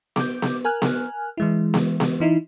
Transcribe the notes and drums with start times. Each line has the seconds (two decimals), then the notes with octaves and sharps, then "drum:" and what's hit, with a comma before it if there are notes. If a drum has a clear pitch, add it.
0.16 D6 G6, drum: snare B3
0.42 drum: snare B3
0.64 A#4 G#5 F6 F#6
0.82 drum: snare B3
1.37 E3 G#3 E4
1.74 drum: snare B3
2.00 drum: snare B3
2.20 E3 D#4 E4